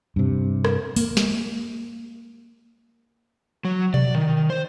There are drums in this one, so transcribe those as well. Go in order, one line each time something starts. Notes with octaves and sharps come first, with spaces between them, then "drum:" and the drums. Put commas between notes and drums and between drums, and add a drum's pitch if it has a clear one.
G2 C3
drum: rim click
A#3, drum: open hi-hat
drum: snare
F#3
D5, drum: tom B2
D#3
C5